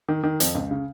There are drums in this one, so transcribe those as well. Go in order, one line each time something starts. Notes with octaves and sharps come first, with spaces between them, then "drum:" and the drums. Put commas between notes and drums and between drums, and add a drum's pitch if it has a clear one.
D#3
D#3
F2, drum: hi-hat
C#2
C#3